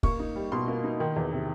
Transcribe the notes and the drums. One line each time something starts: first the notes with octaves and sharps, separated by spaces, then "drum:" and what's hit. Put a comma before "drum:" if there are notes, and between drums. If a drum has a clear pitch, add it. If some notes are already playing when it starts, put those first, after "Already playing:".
A#3 C#6, drum: kick
D#4
G3
B2 C6
A#3
D#4
D#3
E2
C3